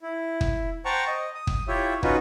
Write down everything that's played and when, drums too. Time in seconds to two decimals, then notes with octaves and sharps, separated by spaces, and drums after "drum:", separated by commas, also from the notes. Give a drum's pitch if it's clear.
0.02 E4
0.41 drum: kick
0.85 C5 F#5 G5 A5 A#5 C#6
1.07 D#5
1.34 D#6
1.47 drum: kick
1.68 E4 F4 G4 C#5 E5
2.03 C#4 D#4 F4 F#4 B4, drum: kick